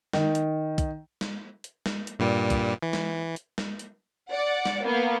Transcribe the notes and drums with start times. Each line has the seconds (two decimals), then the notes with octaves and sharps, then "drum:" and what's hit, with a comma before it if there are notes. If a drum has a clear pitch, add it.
0.13 D#3, drum: snare
0.35 drum: hi-hat
0.78 drum: kick, hi-hat
1.21 drum: snare
1.64 drum: hi-hat
1.86 drum: snare
2.07 drum: hi-hat
2.19 G2 A#2 G3
2.50 drum: kick, hi-hat
2.83 E3
2.93 drum: snare
3.36 drum: hi-hat
3.58 drum: snare
3.79 drum: hi-hat
4.31 D5 F#5
4.65 drum: snare
4.85 A#3 B3